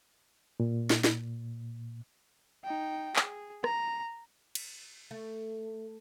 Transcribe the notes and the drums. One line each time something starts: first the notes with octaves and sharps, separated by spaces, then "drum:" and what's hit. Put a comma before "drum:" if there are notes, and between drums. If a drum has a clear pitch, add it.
A#2
drum: snare
drum: snare
D#4 G5
G#4, drum: clap
A#5, drum: rim click
drum: cymbal
A3